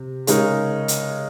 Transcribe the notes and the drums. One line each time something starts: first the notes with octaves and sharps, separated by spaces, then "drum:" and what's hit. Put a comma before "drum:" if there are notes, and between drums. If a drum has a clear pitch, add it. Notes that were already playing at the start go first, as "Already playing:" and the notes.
Already playing: C3
C#3 G#3 D#4 A#4, drum: hi-hat
drum: hi-hat